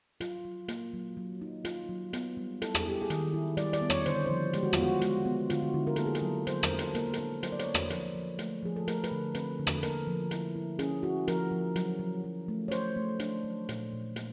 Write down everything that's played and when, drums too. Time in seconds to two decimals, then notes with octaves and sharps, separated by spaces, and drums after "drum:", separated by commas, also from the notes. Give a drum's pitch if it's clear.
0.20 F#3 F4, drum: hi-hat
0.45 F#3
0.68 A#3, drum: hi-hat
0.94 F#3
1.17 F#3
1.41 D#4
1.65 D#4 F4, drum: hi-hat
1.89 F#3
2.13 B3, drum: hi-hat
2.37 G3
2.62 E4 A4, drum: hi-hat
2.75 G#4, drum: rim click
2.86 E4 G4
3.02 G#4
3.10 D#3, drum: hi-hat
3.34 E4
3.57 G3 D5, drum: hi-hat
3.73 D5, drum: hi-hat
3.82 B3
3.90 C#5, drum: rim click
4.06 D3 C5, drum: hi-hat
4.16 C#5
4.26 C5
4.30 F3
4.53 G#3 G4, drum: hi-hat
4.63 F#4
4.73 F4, drum: rim click
4.78 B3 F#4
5.01 G#3, drum: hi-hat
5.26 B3
5.50 D3 F4, drum: hi-hat
5.63 F#4
5.74 D3 E4
5.87 A#4
5.96 A#3 A4, drum: hi-hat
6.06 G#4
6.15 A4, drum: hi-hat
6.22 F#3
6.47 F#3 C5, drum: hi-hat
6.63 A#4, drum: rim click
6.70 D4
6.79 A4, drum: hi-hat
6.95 A#3 A#4, drum: hi-hat
7.14 A4, drum: hi-hat
7.18 D4 A#4
7.43 F#3 C5, drum: hi-hat
7.52 D5
7.59 C#5, drum: hi-hat
7.66 A#3
7.74 B4, drum: rim click
7.90 F3 A#4, drum: hi-hat
8.15 F3
8.39 A3, drum: hi-hat
8.63 F3 G#4
8.76 A4
8.88 A3 A#4, drum: hi-hat
9.04 B4, drum: hi-hat
9.12 D3
9.35 C4 B4, drum: hi-hat
9.59 D3
9.67 B4, drum: rim click
9.77 A4
9.83 A#3 A#4, drum: hi-hat
10.07 F3
10.31 E4, drum: hi-hat
10.56 E4
10.79 C#4 G#4, drum: hi-hat
11.03 E4 F#4
11.28 F3 A#4, drum: hi-hat
11.51 F3
11.76 F#3, drum: hi-hat
11.99 F#3
12.24 F#3
12.48 A3
12.68 C#5
12.71 A3 C5, drum: hi-hat
12.97 A3
13.19 D4, drum: hi-hat
13.44 F#3
13.69 A#2, drum: hi-hat
13.93 A#2
14.16 A#3, drum: hi-hat